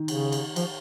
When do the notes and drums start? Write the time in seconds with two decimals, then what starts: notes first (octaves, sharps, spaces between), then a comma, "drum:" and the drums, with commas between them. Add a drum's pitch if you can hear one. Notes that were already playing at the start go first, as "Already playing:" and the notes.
Already playing: D#3
0.08 C#3, drum: cymbal
0.32 drum: cymbal
0.56 F3, drum: cymbal